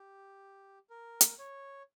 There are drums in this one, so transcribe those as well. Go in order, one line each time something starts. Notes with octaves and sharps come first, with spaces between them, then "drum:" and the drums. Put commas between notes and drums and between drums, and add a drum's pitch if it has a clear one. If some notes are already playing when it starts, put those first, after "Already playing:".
Already playing: G4
A#4
drum: hi-hat
C#5